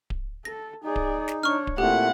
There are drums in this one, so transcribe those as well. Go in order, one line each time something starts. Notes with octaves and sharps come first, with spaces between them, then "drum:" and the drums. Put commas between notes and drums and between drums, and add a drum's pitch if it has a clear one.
drum: kick D1
A4 A#6
D#4 G#4 D5
drum: kick D1
drum: snare
D4 C#5 C#6 F6
drum: kick D1
A#2 A3 C4 E4 G4 F#5